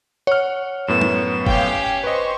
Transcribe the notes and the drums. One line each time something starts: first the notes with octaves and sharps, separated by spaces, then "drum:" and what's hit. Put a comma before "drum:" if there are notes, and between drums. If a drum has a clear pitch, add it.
C#5 F#5 F6
F#2 A2 B3 E7
drum: tom F#3
C#4 G4 F5 G5, drum: kick
B4 C5 D#5 C#6